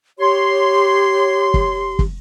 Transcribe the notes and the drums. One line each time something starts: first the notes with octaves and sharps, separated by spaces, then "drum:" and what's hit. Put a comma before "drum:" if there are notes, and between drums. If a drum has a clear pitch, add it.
G4 C#5 C6
drum: kick
drum: kick